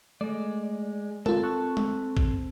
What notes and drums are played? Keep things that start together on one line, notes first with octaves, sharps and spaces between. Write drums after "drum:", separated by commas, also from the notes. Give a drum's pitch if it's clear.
G#3 A3 D5
C4 F4 A4 A#4 A5, drum: tom
C#6 F#6
drum: tom
drum: kick